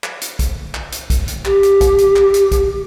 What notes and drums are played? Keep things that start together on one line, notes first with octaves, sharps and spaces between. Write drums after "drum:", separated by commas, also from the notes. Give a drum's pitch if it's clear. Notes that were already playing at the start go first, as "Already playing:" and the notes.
drum: clap
drum: hi-hat
drum: kick, hi-hat
drum: clap
drum: hi-hat
drum: kick, hi-hat
drum: hi-hat
G4, drum: clap
drum: hi-hat
drum: kick, hi-hat
drum: hi-hat
drum: clap
drum: hi-hat
drum: kick, hi-hat